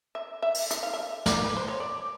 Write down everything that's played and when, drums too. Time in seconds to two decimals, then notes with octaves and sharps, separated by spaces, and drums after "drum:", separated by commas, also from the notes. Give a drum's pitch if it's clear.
0.15 E5
0.42 E5
0.54 drum: open hi-hat
0.71 E5, drum: hi-hat
0.83 F5
0.93 E5
1.26 D5, drum: snare
1.44 B4
1.57 C5
1.68 C#5
1.80 D5